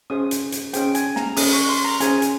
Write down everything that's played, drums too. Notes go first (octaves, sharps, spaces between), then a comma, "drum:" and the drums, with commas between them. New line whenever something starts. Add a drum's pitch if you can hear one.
C#4 G#4 C5 D#6
drum: hi-hat
drum: hi-hat
C#4 G#4 C5 G5, drum: hi-hat
G#5, drum: hi-hat
A#5, drum: snare
C#4 G#4 C5 D#6, drum: open hi-hat
C#6
C6
A#5
C#4 G#4 C5 G#5, drum: hi-hat
drum: hi-hat